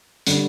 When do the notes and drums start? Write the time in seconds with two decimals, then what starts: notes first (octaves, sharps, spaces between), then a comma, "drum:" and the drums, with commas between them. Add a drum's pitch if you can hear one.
0.27 D3 G3, drum: hi-hat